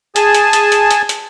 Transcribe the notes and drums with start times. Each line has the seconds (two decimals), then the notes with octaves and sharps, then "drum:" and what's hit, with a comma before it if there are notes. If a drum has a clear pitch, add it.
0.16 G#4 G#5 A5, drum: hi-hat
0.34 drum: hi-hat
0.53 drum: hi-hat
0.72 drum: hi-hat
0.91 drum: hi-hat
1.09 drum: hi-hat